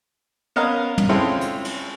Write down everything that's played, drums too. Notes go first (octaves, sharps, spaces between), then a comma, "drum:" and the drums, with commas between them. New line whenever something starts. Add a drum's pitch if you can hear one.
B3 C#4 A#4 D#5 F5
drum: tom
G#3 C4 C#4 E4 F4 A4
drum: hi-hat
drum: cymbal